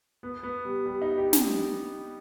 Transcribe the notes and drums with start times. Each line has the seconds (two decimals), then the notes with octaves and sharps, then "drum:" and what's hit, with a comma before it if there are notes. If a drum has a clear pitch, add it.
0.23 B3
0.43 B3
0.65 G3
0.86 G3
1.02 D#4
1.18 G4
1.33 G4, drum: snare